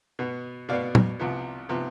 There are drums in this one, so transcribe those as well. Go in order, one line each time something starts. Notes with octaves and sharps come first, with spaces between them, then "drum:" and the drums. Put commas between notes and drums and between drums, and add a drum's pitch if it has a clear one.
B2 B3
B2 B3 D5 F5
drum: tom A#2
C2 C3 F3 B3
C3 F3 B3